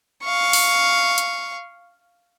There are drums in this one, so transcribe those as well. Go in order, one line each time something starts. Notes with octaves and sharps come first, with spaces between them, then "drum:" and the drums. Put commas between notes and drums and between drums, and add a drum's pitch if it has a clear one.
F5 C#6
drum: open hi-hat
drum: hi-hat